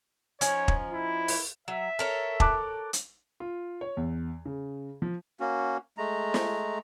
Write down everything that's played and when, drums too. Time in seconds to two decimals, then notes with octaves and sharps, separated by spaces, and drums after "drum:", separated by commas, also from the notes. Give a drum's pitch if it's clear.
0.41 F3 C#4 D#4 C#5, drum: hi-hat
0.68 drum: kick
0.92 E4
1.28 drum: open hi-hat
1.68 F#3 E5
1.99 A4 A#4 C#5
2.40 A5 D6 F#6, drum: kick
2.93 drum: hi-hat
3.40 F4
3.81 C#5
3.97 E2
4.46 C#3
5.02 F3
5.40 A#3 C#4 F#4
5.98 G#3 A3 A#5
6.34 drum: snare